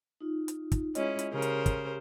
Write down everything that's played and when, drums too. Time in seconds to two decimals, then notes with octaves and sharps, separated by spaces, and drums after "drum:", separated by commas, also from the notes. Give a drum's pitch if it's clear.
0.21 D#4 F4
0.48 drum: hi-hat
0.72 drum: kick, hi-hat
0.95 G#3 C#4 E4 F4 C#5 D#5, drum: hi-hat
1.19 drum: hi-hat
1.33 C#3 G4 A#4 C5
1.42 drum: hi-hat
1.66 drum: kick, hi-hat